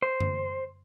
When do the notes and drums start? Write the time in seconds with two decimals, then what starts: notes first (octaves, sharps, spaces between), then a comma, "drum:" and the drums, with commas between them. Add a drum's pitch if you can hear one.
0.02 C5
0.20 drum: tom F#2